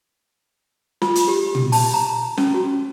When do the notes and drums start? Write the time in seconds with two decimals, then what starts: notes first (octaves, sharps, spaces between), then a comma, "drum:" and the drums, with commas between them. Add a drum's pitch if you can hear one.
1.02 F4, drum: snare
1.15 drum: hi-hat
1.28 G4
1.55 drum: tom
1.72 A5, drum: open hi-hat
1.94 A#5
2.38 C#4, drum: snare
2.54 F#4